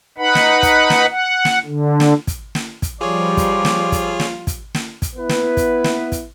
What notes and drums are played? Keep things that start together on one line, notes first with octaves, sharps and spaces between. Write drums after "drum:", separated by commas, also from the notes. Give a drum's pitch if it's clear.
D#4 B4 F#5 B5
drum: snare
drum: kick, hi-hat
drum: snare
F#5
drum: snare
D3
drum: snare
drum: kick, hi-hat
drum: snare
drum: kick, hi-hat
F3 G3 F4 G#4 C#5 D5
drum: kick, hi-hat
drum: snare
drum: kick, hi-hat
drum: snare
drum: kick, hi-hat
drum: snare
drum: kick, hi-hat
B3 E4 B4
drum: snare
drum: kick, hi-hat
drum: snare
drum: kick, hi-hat